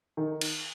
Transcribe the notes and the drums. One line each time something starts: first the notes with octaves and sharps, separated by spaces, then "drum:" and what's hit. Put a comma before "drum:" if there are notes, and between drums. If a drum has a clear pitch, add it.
D#3
drum: cymbal